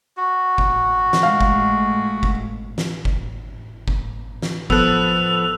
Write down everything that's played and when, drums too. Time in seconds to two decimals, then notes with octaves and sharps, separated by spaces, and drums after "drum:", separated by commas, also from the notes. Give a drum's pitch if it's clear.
0.17 F#4
0.58 drum: kick
1.13 drum: snare
1.23 G#3 A3 F5
1.41 drum: kick
2.23 drum: kick
2.78 drum: snare
3.05 drum: kick
3.88 drum: kick
4.42 drum: snare
4.70 F3 B3 A4 E6 F#6 F7, drum: kick